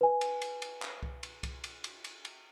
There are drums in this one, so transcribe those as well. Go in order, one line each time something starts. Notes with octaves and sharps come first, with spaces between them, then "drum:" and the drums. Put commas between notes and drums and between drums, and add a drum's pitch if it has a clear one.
B4 G#5
drum: cymbal
drum: cymbal
drum: cymbal
drum: clap
drum: kick C2
drum: cymbal
drum: kick C2, cymbal
drum: cymbal
drum: cymbal
drum: cymbal
drum: cymbal